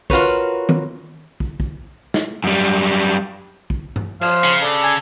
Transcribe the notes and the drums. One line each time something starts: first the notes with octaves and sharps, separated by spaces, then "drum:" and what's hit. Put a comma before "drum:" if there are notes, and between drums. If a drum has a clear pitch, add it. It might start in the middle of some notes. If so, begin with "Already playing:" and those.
F4 F#4 A#4 B4 C#5, drum: kick
drum: tom D#3
drum: kick
drum: kick
drum: snare
F#2 G3
drum: kick
drum: tom G2
F3 F5, drum: cymbal
C#3
D4 A4
G#5